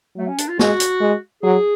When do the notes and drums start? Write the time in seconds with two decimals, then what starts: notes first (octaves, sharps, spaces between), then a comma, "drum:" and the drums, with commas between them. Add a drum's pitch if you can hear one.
0.17 F#3 A3
0.28 C#4
0.38 D4, drum: hi-hat
0.48 F4
0.59 G#3 F#4, drum: snare
0.80 drum: hi-hat
1.00 G#3
1.43 F#3 G#4